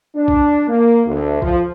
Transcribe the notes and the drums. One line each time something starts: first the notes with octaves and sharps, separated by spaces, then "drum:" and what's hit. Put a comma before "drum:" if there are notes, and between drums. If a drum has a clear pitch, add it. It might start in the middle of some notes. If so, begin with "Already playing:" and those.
D4
drum: kick
A#3
D2
F3, drum: kick